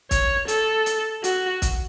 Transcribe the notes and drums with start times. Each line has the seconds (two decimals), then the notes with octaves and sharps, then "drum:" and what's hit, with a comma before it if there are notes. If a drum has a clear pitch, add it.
0.11 C#5, drum: kick, hi-hat
0.48 A4, drum: hi-hat
0.86 drum: hi-hat
1.24 F#4, drum: hi-hat
1.62 drum: kick, hi-hat